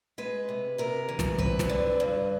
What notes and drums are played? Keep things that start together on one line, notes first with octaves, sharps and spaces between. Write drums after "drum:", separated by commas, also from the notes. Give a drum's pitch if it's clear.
G#3 B4
C3
C3 A#4
E3
drum: snare
C4 B4, drum: kick
drum: snare
D3
G2